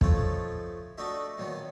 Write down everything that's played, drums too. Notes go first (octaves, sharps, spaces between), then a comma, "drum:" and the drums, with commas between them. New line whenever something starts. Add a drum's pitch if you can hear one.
F3 A3 D#4 F4 A4 C#5, drum: kick
A3 D4 D#4 F#4 D#5 E5
A#2 D#3 F#3 B3